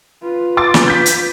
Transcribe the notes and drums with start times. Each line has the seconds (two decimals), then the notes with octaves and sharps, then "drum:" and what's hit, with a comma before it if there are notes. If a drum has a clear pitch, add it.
0.23 F4 B4
0.57 C6 D6 A6
0.74 drum: snare
0.88 G6 B6
1.06 drum: hi-hat